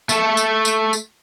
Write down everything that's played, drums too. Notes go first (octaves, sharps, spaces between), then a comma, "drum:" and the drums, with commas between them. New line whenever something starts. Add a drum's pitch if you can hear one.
A3 A4, drum: tambourine
drum: tambourine
drum: tambourine
drum: tambourine